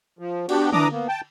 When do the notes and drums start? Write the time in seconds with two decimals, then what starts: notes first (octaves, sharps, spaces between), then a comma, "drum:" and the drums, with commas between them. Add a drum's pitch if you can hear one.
0.19 F3
0.49 B3 D4 F#4 G4, drum: cymbal
0.73 E3 D4 A#5 D6 D#6, drum: tom D3
0.92 A#3 B3
1.08 G5 A5